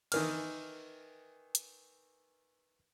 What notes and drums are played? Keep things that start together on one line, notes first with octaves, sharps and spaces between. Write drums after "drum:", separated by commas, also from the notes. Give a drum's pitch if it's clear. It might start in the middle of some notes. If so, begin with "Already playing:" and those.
D#3 E3 F6, drum: cymbal
drum: hi-hat